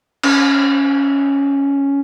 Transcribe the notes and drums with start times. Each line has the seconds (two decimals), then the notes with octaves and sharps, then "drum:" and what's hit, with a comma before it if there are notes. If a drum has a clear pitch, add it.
0.23 C#4, drum: cymbal